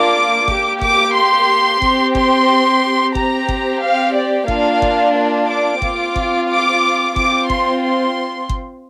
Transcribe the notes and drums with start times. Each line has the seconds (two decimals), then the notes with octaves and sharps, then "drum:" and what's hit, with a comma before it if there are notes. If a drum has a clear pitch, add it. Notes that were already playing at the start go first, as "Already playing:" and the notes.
Already playing: A#3 D4 F4 D6
0.48 A#3 G4, drum: kick G1
0.81 D6, drum: kick G1
1.15 C6
1.82 C4 G4, drum: kick G1
2.15 C6, drum: kick G1
3.15 C4 G4 A#5, drum: kick G1
3.49 drum: kick G1
3.83 F5
4.15 D5
4.48 A#3 D4 F4 F5, drum: kick G1
4.82 drum: kick G1
5.15 D5
5.49 D6
5.82 C4 F4, drum: kick G1
6.16 drum: kick G1
6.49 D6
7.16 C4 F4 D6, drum: kick G1
7.50 C6, drum: kick G1
7.83 C6
8.49 drum: kick G1